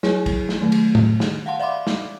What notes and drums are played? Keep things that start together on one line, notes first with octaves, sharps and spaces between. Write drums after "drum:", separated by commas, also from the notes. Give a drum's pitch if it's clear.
F#3 E4 G#4 C#5 G#5, drum: snare
drum: kick, cymbal
drum: snare
D#3 F#3 A3
drum: cymbal
drum: tom A2
D#3, drum: snare
F5 F#5 A5 C6
D5 E5 F5 B5 C6 D6
drum: snare